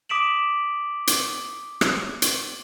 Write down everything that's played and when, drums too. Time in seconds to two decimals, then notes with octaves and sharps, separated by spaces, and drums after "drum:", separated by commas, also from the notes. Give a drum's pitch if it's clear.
0.09 D6 D#6 B6 D7 E7 F#7
1.07 drum: hi-hat
1.81 drum: rim click
2.22 drum: hi-hat